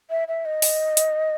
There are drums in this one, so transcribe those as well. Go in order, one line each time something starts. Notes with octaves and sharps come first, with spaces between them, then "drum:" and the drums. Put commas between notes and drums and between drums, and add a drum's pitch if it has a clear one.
E5
E5
D#5
drum: open hi-hat
drum: hi-hat